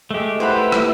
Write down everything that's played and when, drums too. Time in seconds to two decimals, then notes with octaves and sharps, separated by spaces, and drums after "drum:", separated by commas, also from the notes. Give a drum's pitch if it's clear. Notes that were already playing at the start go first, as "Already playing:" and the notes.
0.11 G#3 A3 G4
0.40 E4 B4 C5 F#5 B5
0.72 drum: rim click